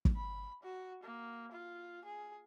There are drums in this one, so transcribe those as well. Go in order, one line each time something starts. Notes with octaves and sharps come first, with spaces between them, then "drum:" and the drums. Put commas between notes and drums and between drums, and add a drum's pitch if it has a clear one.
drum: kick
B5
F#4
A#3
F4
G#4